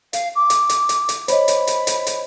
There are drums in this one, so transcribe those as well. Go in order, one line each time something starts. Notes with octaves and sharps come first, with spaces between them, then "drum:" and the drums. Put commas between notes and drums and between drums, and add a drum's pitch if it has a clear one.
F5, drum: hi-hat
D6
drum: hi-hat
drum: hi-hat
drum: hi-hat
drum: hi-hat
C5 C#5 D#5 B5, drum: hi-hat
drum: hi-hat
drum: hi-hat
drum: hi-hat
drum: hi-hat